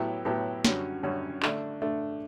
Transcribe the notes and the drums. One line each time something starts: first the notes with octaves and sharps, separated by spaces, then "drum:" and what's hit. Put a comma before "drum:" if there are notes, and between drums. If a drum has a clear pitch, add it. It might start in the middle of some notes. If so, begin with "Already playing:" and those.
Already playing: A2 F#3 B3 E4 G4
A2 F#3 B3 E4 G4
F#2 D3 G3 C#4 F#4, drum: snare
F#2 D3 G3 C#4 F#4
D3 A3 D4, drum: clap
D3 A3 D4